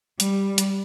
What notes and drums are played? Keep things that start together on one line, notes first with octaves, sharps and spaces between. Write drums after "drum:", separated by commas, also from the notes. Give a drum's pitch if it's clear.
G3, drum: hi-hat
drum: hi-hat